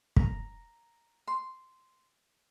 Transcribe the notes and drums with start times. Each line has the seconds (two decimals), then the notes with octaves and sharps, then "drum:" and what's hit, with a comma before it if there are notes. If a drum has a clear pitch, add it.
0.16 A#5, drum: kick
1.27 C6